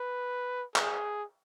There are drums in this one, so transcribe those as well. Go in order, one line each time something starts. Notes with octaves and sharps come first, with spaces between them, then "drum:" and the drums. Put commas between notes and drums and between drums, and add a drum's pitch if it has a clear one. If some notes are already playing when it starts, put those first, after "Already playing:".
Already playing: B4
G#4, drum: clap